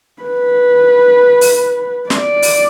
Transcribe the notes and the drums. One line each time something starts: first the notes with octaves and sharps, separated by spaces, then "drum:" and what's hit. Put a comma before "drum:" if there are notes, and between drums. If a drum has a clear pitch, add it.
B4
drum: open hi-hat
D5, drum: snare
drum: open hi-hat